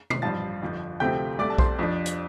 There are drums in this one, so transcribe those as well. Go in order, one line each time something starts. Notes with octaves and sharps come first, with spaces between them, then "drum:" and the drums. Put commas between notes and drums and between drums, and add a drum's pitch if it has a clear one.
C7, drum: tom
A1 G2 F3 A5 A6
G1 F2 F3
D2 C3 F3 A3 C4 G5 G6
C2 C3 A3 D5 D6
A5
C5 C6, drum: kick B1
F2 F3 D4
drum: hi-hat